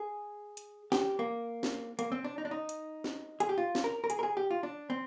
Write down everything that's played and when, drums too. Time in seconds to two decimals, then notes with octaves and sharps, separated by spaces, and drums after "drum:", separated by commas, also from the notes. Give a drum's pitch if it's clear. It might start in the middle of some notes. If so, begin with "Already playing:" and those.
Already playing: G#4
0.57 drum: hi-hat
0.92 G4, drum: snare
1.19 A#3
1.63 drum: snare
1.99 A#3, drum: hi-hat
2.12 C4
2.24 D4
2.38 D#4
2.45 D4
2.51 D#4
2.69 drum: hi-hat
3.04 drum: snare
3.40 G#4, drum: hi-hat
3.49 G4
3.58 F4
3.75 drum: snare
3.84 A#4
4.04 A#4
4.10 G#4, drum: hi-hat
4.19 A#4
4.23 G#4
4.37 G4
4.51 F4
4.63 D4
4.90 C4